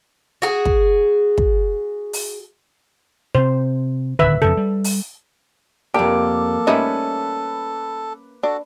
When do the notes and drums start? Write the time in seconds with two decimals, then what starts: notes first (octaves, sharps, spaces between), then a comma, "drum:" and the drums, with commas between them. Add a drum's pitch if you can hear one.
0.42 F#4 G#4
0.65 drum: kick
1.38 drum: kick
2.13 drum: open hi-hat
3.35 C3 C4 C5
4.19 D1 D3 D#3 B4 E5
4.42 F2 G#2 C#3 A4
4.57 G3
4.84 drum: open hi-hat
5.94 F2 A#3 D4 G4 A4
6.67 G3 A3 C#4 D#4 B4 E5
8.43 D4 F#4 A4